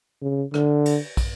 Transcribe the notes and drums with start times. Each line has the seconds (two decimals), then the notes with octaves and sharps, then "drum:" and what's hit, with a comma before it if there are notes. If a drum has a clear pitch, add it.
0.22 C#3
0.54 D3, drum: rim click
0.86 drum: cymbal
1.17 drum: kick, cymbal